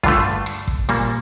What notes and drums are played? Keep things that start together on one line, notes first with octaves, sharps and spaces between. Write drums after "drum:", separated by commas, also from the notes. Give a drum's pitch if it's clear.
G2 D3 A3 F4, drum: kick, hi-hat
drum: rim click
drum: kick
A#2 G3 A#3, drum: rim click